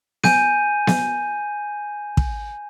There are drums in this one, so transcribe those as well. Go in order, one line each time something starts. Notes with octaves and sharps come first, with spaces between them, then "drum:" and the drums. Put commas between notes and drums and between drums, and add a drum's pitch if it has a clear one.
G#5 G6 D#7, drum: snare B3
drum: snare B3
drum: kick